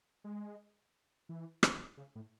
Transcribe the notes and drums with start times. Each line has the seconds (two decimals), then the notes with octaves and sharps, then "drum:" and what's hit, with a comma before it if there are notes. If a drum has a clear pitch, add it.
0.24 G#3
1.29 E3
1.63 drum: rim click
1.97 C#3
2.15 A2